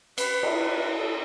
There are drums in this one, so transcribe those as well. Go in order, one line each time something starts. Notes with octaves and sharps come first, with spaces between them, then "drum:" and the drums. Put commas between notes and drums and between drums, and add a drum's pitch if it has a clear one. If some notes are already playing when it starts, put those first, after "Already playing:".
B4, drum: cymbal
drum: cymbal
A4